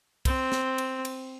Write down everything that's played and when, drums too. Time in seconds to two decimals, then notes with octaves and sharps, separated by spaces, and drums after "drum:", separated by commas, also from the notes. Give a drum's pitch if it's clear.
0.25 C4, drum: kick, cymbal
0.52 drum: snare
0.78 drum: cymbal
1.05 drum: cymbal